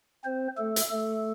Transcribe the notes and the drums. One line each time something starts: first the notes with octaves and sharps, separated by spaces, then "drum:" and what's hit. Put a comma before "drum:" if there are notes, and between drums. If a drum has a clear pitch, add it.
C4 C5
A3 A4
drum: hi-hat
A3 A4